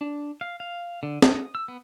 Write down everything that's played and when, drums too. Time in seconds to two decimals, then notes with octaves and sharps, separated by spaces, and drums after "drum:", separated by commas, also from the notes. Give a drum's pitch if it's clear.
0.01 D4
0.41 F5
0.60 F5
1.03 D3
1.22 D#6, drum: snare
1.55 E6
1.68 B3